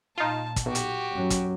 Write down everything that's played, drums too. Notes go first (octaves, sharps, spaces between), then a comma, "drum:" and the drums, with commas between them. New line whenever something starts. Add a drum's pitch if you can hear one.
A#2 D#4 F4 A5
drum: kick, hi-hat
B1 F#4 G4
drum: hi-hat
F#2 F#3
drum: kick, hi-hat